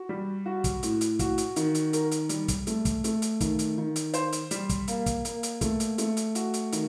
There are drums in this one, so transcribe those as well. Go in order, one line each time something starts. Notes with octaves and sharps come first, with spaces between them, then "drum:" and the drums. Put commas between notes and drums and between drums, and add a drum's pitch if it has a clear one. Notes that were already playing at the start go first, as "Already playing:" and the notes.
Already playing: F#4
G3
F#4
drum: kick, hi-hat
A2, drum: hi-hat
drum: hi-hat
F#4, drum: kick, hi-hat
drum: hi-hat
D#3, drum: hi-hat
drum: hi-hat
A#4, drum: hi-hat
drum: hi-hat
G3, drum: hi-hat
drum: kick, hi-hat
A3, drum: hi-hat
drum: kick, hi-hat
A3, drum: hi-hat
drum: hi-hat
D#3, drum: kick, hi-hat
drum: hi-hat
D#3
drum: hi-hat
C5, drum: hi-hat
drum: hi-hat
G3, drum: hi-hat
drum: kick, hi-hat
A#3, drum: hi-hat
drum: kick, hi-hat
A#3, drum: hi-hat
drum: hi-hat
A3, drum: kick, hi-hat
drum: hi-hat
A3, drum: hi-hat
drum: hi-hat
F#4, drum: hi-hat
drum: hi-hat
D#3, drum: hi-hat